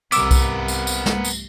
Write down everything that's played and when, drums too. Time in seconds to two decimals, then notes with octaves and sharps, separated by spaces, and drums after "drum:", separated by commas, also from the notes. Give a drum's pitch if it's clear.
0.12 C2 C3 B3 A#4 D6 E6, drum: tambourine
0.31 drum: kick B1, tambourine
0.68 drum: tambourine
0.87 drum: tambourine
1.06 drum: snare
1.25 drum: tambourine